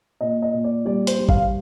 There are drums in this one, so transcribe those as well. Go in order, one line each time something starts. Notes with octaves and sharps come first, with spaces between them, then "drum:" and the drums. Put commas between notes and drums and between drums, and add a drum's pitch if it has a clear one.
A#2 D#5
D#5
A#2
D5
G3 D5
C5, drum: hi-hat
G3
F5, drum: kick A1